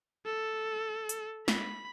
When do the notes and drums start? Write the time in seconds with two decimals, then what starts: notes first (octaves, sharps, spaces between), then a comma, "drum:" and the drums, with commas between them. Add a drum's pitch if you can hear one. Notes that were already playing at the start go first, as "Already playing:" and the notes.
0.26 A4
1.09 drum: hi-hat
1.48 B5, drum: snare